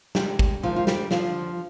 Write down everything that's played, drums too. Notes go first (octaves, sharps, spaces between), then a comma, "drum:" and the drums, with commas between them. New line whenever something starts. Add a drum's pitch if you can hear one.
C3 D#3 G3 G#3 G4, drum: snare
drum: kick
F2 C3 D#3 F3 G#3 F4
F4
G3 G4, drum: snare
F2 D3 F3 G3 F4, drum: snare